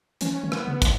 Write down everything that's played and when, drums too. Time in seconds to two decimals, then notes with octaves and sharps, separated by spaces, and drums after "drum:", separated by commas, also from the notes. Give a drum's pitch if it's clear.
0.21 E3 C#4, drum: hi-hat
0.44 D#3
0.52 B3, drum: rim click
0.67 C#3
0.82 drum: kick, hi-hat